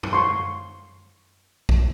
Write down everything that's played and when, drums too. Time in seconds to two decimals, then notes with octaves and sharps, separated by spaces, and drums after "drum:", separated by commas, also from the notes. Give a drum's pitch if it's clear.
0.03 drum: tom F#2
0.13 C6 C#6
1.69 drum: kick A#1